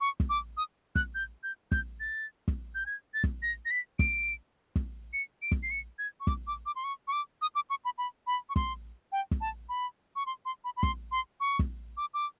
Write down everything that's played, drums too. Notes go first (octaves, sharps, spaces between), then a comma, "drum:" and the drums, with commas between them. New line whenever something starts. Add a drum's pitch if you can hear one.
C#6
drum: kick
D6
D#6
F#6, drum: kick
G6
G6
G6, drum: kick
A6
drum: kick
G6
G#6
A6
drum: kick
A#6
A#6
B6
D7, drum: kick
drum: kick
C#7
D7
drum: kick
C7
C#7
G#6
C#6
D6, drum: kick
D6
D6
C6
C#6
C#6
D6
D#6
D6
C#6
B5
B5
B5
C#6
C6, drum: kick
G5
drum: kick
A5
B5
C#6
C6
C6
B5
B5
C6, drum: kick
C6
C#6
drum: kick
D6
D6